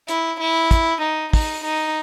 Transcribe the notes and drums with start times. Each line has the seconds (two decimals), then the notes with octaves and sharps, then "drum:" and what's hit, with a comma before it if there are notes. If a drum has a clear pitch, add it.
0.08 E4, drum: hi-hat
0.40 E4
0.71 drum: kick, hi-hat
1.02 D#4
1.33 D#4, drum: kick, open hi-hat
1.64 D#4